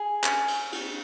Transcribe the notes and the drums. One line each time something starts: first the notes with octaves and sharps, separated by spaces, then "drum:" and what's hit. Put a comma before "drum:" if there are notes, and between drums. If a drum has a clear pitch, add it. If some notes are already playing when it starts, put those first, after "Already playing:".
Already playing: G#4
C#4, drum: clap
drum: cymbal
drum: cymbal